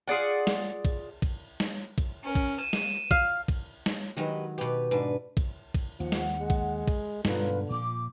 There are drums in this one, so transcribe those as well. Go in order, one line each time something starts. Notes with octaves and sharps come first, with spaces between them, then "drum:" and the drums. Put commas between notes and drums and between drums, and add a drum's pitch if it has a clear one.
F4 G#4 D5 F#5
drum: snare
drum: kick A#1, cymbal
drum: kick A#1, cymbal
drum: snare
drum: kick A#1, cymbal
C#4 A#4
drum: kick A#1, cymbal
D#7 E7
drum: snare
F5, drum: kick A#1, cymbal
drum: kick A#1, cymbal
drum: snare
D#3 F#3 G#3 G4 B4
B2 G4 B4
G#2 D4 B4
drum: kick A#1, cymbal
drum: kick A#1, cymbal
D#2 F3 F#5
drum: snare
G#3
drum: kick A#1, cymbal
drum: kick A#1, cymbal
G2 B2 D3 G#3 D#4 F4 B4, drum: snare
A#2 F3 D6